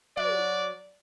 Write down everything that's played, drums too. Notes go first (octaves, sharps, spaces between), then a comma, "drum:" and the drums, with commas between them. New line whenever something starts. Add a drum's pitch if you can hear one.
F#3 F#4 D5, drum: tom